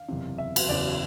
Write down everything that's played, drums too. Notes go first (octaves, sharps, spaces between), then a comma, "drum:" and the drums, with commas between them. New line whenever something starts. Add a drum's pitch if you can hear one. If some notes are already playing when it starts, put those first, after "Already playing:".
Already playing: F5
F#1 E2 C3
E5
drum: cymbal
F#1 E2 C#3 F#3 D5